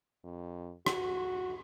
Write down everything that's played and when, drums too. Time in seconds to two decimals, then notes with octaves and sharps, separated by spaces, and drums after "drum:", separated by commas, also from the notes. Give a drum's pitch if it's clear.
0.24 F2
0.86 F#4, drum: rim click